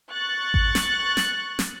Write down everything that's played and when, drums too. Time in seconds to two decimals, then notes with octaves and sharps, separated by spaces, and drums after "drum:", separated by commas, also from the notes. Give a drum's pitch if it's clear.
0.12 C#6 F#6 A6
0.54 drum: kick G#1
0.75 drum: snare
1.17 drum: snare
1.59 drum: snare